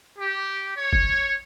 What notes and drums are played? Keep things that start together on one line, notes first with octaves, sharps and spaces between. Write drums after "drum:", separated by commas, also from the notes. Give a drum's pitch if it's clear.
G4
C#5
drum: kick G1